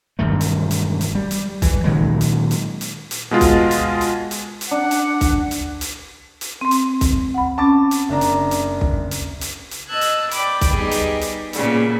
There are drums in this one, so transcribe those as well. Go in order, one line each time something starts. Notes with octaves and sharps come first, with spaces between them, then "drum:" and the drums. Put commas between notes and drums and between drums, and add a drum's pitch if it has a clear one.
E1 G2 D#3 A3
drum: hi-hat
drum: hi-hat
drum: hi-hat
G3
drum: hi-hat
E3, drum: kick, hi-hat
A#2 D#3 F#3 G#3
drum: hi-hat
drum: hi-hat
drum: hi-hat
drum: hi-hat
B2 G#3 F4
drum: kick, hi-hat
drum: hi-hat
drum: hi-hat
drum: hi-hat
drum: hi-hat
D4 F#5
drum: hi-hat
drum: kick, hi-hat
drum: hi-hat
drum: hi-hat
drum: hi-hat
C4 C6
drum: hi-hat
drum: kick, hi-hat
F#5 B5
C#4 A5 D6 A6
drum: hi-hat
F#1 D4 A#5
drum: hi-hat
drum: hi-hat
drum: kick
drum: hi-hat
drum: hi-hat
drum: hi-hat
D#5 A5 E6 F#6 G#6
drum: hi-hat
D5 G5 B5 D6, drum: hi-hat
drum: kick, hi-hat
G3 B3 D#4 G4 G#4
drum: hi-hat
drum: hi-hat
A#2 C#3 G3 B3, drum: hi-hat